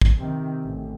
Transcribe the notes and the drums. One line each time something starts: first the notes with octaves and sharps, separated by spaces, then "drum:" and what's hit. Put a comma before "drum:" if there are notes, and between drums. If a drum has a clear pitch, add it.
drum: kick
C3 D#3
A1